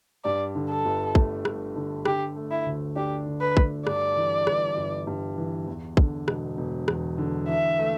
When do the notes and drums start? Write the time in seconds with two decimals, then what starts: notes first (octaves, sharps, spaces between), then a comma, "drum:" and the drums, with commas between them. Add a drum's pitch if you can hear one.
0.24 G2 D5
0.55 D3
0.70 A4
0.85 G1
1.15 A3, drum: kick
1.45 G2, drum: rim click
1.76 D3
2.05 D3 G4, drum: rim click
2.36 A3
2.51 E4
2.66 D2
2.96 D4 G4
3.26 D3
3.41 B4
3.57 A3, drum: kick
3.87 G2 D5, drum: rim click
4.17 E3
4.47 G1, drum: rim click
4.77 G1
5.07 G2
5.38 E3
5.67 E2
5.97 D3, drum: kick
6.28 E1, drum: rim click
6.58 E1
6.88 E2, drum: rim click
7.18 D3
7.48 E3 E5
7.79 A3